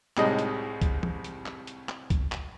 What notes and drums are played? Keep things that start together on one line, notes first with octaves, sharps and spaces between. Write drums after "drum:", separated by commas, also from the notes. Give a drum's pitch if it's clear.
C2 A2 G3 G#3 D#4 D#5, drum: clap
drum: hi-hat
drum: kick C2, hi-hat
drum: tom E3
drum: hi-hat
drum: clap
drum: hi-hat
drum: clap
drum: kick C2, hi-hat
drum: clap